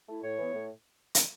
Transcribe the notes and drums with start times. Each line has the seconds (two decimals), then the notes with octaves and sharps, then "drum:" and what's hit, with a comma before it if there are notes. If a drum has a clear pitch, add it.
0.09 A3 E4
0.23 A2 C#5
0.38 E3 B3
0.54 A2
1.15 drum: hi-hat